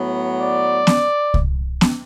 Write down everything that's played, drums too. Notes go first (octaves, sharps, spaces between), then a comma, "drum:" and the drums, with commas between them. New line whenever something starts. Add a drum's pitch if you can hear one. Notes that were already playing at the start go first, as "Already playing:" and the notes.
Already playing: A2 F#3 B3
D5
drum: snare B3
drum: kick C2
drum: snare B3